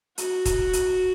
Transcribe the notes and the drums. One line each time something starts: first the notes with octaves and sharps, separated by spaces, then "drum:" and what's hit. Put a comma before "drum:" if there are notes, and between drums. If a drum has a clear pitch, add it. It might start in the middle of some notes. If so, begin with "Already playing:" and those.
F#4, drum: hi-hat
drum: kick D#1, hi-hat
drum: hi-hat